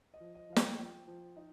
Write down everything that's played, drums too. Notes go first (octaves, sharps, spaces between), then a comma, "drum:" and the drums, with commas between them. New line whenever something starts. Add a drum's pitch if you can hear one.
D#5
F3
D#5
F3 F5
G5, drum: snare
F3 G5
F3
D#4